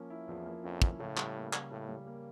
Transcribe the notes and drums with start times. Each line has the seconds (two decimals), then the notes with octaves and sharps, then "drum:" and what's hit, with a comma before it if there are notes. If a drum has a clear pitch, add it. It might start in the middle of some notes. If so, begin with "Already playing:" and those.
Already playing: F3 A#3 C#4
0.10 E4
0.27 E2 F3
0.46 A#3
0.64 F2 C#4
0.82 E4, drum: kick
1.00 A2 C#3
1.17 G3, drum: clap
1.36 A#3
1.53 C#3, drum: clap
1.71 A2 C#3
1.89 G3
2.07 A#3